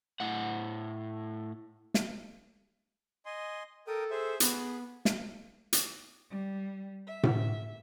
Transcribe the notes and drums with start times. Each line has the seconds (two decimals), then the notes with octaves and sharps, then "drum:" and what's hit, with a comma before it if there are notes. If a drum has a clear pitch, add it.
0.20 A2 F#5
1.94 drum: snare
3.26 D#5 G#5 C6
3.87 A4 A#4 G5 D#6
4.11 G#4 C5 E5
4.40 B3 G#4, drum: hi-hat
5.05 drum: snare
5.73 drum: hi-hat
6.30 G3
7.07 E5
7.23 drum: tom A2